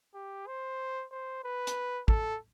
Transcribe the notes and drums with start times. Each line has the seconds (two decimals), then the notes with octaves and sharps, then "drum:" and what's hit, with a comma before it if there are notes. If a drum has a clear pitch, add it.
0.14 G4
0.47 C5
1.12 C5
1.44 B4
1.67 drum: hi-hat
2.08 A4, drum: kick